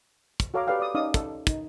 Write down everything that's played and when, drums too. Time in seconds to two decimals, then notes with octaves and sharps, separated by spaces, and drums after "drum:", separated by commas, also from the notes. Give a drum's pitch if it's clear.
0.40 drum: kick, hi-hat
0.54 F#4 A4 C#5 F5 A#5 D6
0.67 G4 A4 B4 D5 F5 G5
0.80 D5 D#6
0.95 C#4 D#4 D5 F5 C#6 D#6
1.14 A4, drum: kick, hi-hat
1.47 D#4, drum: kick, hi-hat